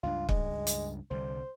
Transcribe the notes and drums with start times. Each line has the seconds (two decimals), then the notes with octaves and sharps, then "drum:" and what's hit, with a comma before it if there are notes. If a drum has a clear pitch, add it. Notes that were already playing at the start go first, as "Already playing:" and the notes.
0.03 C#2 G2 D4 F4
0.29 G#3, drum: kick
0.67 drum: hi-hat
1.10 C2 D3 G3 C5